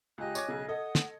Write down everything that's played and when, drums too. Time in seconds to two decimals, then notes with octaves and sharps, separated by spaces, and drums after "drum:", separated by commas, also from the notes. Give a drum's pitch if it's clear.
0.18 C#2 G4 D#5 G#5 F#6
0.35 C#5 D6 G#6, drum: tambourine
0.48 B1 C#3
0.68 A4 D#5 F#5 D#6
0.95 drum: snare